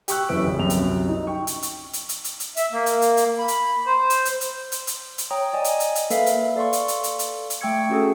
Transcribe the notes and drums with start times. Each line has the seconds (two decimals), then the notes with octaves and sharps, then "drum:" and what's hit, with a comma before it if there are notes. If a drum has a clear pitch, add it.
0.08 G4 G5 C#6 E6 F#6, drum: hi-hat
0.29 F1 F#2 E3 B4 E6 D7
0.43 A1 C#3
0.59 C2 F#2 G4 F7
0.70 drum: hi-hat
1.08 D#4 D#5
1.27 G5 C#6
1.47 drum: hi-hat
1.63 drum: hi-hat
1.93 drum: hi-hat
2.09 drum: hi-hat
2.24 drum: hi-hat
2.40 drum: hi-hat
2.57 E5, drum: hi-hat
2.72 A#3
2.86 drum: hi-hat
3.02 drum: hi-hat
3.17 drum: hi-hat
3.39 B5
3.48 drum: hi-hat
3.86 C5
4.10 drum: hi-hat
4.25 drum: hi-hat
4.41 drum: hi-hat
4.72 drum: hi-hat
4.87 drum: hi-hat
5.18 drum: hi-hat
5.31 C#5 G5 A#5 D#6
5.53 D5 D#5 G#5
5.64 drum: hi-hat
5.80 drum: hi-hat
5.95 drum: hi-hat
6.10 A#3 A4 B4 E5 F5, drum: hi-hat
6.26 drum: hi-hat
6.56 A4 D5 F5 C6 C#6
6.73 drum: hi-hat
6.88 drum: hi-hat
7.04 drum: hi-hat
7.19 drum: hi-hat
7.50 drum: hi-hat
7.61 A3 G5 C#6 E6 G#6 C#7
7.90 C#4 F#4 G#4 A4